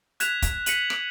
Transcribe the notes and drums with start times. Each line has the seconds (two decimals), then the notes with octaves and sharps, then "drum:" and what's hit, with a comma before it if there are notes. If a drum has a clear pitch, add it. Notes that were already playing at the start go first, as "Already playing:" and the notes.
0.20 F#6 G#6 B6 E7 F7, drum: hi-hat
0.42 drum: kick, hi-hat
0.66 B6 C#7 D#7 F#7, drum: hi-hat
0.90 drum: rim click